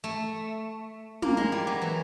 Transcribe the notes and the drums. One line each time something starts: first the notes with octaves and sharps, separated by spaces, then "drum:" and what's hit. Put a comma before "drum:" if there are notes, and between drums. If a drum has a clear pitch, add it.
A3
A#3, drum: tom
G#3
G3
F#3
E3